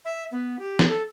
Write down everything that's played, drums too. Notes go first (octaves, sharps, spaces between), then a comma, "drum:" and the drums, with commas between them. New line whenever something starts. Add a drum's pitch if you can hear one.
E5
B3
G4
drum: snare
A4